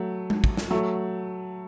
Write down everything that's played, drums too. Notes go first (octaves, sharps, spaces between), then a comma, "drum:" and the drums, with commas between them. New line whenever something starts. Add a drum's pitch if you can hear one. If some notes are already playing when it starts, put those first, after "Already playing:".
Already playing: F#3 A3
drum: tom G#3
drum: kick
drum: snare
F#3 A3